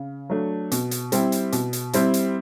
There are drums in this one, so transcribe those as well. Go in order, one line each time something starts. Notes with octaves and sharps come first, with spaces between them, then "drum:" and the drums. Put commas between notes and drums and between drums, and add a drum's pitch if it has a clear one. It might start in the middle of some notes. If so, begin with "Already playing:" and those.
Already playing: C#3
F#3 A3 D4
B2, drum: hi-hat
drum: hi-hat
G3 C4 E4, drum: hi-hat
drum: hi-hat
B2, drum: hi-hat
drum: hi-hat
G3 C4 E4, drum: hi-hat
drum: hi-hat